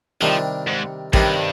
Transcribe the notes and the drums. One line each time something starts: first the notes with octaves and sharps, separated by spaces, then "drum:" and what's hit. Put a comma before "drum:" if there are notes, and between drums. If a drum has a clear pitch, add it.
C3 D#3 F3 G3 D4
G#2
G2 C3 D#3 G3 D4, drum: kick A1